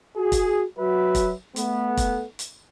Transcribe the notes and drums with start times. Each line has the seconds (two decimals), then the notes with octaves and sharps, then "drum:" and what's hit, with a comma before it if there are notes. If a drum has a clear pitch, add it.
0.17 F#4 G#4
0.32 drum: kick, hi-hat
0.78 F#3 F#4 B4 E5
1.15 drum: kick, hi-hat
1.56 A3 B3, drum: hi-hat
1.97 drum: kick, hi-hat
2.39 drum: hi-hat